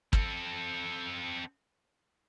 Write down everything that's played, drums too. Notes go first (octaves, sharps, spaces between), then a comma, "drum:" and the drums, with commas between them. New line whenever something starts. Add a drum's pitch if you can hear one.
C4 A4, drum: kick